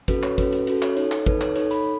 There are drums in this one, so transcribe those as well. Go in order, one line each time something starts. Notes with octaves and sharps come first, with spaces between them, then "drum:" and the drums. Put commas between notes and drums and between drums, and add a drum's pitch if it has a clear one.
C#4 F#4 A4 B4, drum: kick, hi-hat
C#5, drum: clap
C#4 F#4 A4 B4, drum: kick, hi-hat
drum: hi-hat
C#4 F#4 A4, drum: hi-hat
C#5, drum: clap
D#4 A4 C#5, drum: hi-hat
drum: clap
D#4 A4 B4, drum: kick
C#5, drum: clap
D#4 A4 C#5, drum: hi-hat
B5, drum: hi-hat